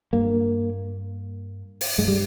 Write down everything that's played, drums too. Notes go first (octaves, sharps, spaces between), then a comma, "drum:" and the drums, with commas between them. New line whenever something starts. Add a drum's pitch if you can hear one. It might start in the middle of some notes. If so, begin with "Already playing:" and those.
G2 A#3
drum: open hi-hat
G2 G#3
G3